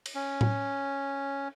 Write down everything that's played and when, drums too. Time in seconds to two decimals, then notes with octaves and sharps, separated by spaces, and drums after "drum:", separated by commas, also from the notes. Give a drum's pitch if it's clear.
0.06 drum: cymbal
0.15 C#4
0.41 drum: tom A2